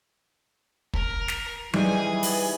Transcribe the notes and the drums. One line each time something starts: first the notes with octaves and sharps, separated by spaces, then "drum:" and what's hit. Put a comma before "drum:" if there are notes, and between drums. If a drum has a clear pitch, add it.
A#4, drum: kick
drum: snare
E3 G3 D#4 G#4 G#5, drum: tom F#3
drum: open hi-hat